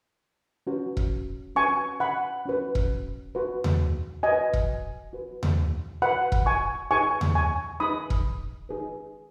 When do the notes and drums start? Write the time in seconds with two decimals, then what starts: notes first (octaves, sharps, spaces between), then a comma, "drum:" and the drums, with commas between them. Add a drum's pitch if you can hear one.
0.67 C#4 F#4 B4
0.97 drum: kick E1
1.56 C#4 F#4 B4 G#5 C#6
2.00 F#5 B5
2.46 C#4 F#4 B4
2.75 drum: kick E1
3.35 F#4 B4
3.64 drum: tom D#2
4.23 F#4 B4 D#5 G#5
4.53 drum: kick E1
5.13 F#4 B4
5.43 drum: tom D#2
6.02 F#4 B4 F#5 B5
6.32 drum: kick E1
6.46 G#5 C#6
6.91 D#4 G#4 B4 G#5 C#6
7.21 drum: tom D#2
7.35 G#5 C#6
7.80 D#4 G#4 B4 B5 D#6
8.10 drum: kick E1
8.69 D#4 G#4 B4